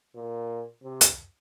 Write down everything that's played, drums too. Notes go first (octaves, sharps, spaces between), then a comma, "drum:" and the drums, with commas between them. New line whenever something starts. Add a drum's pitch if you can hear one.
A#2
C3
drum: hi-hat